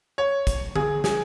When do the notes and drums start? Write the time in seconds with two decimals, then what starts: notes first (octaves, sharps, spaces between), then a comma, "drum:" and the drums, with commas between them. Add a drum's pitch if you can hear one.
0.18 C#5
0.47 drum: kick, hi-hat
0.75 G#4, drum: tom D3
1.04 G#4, drum: snare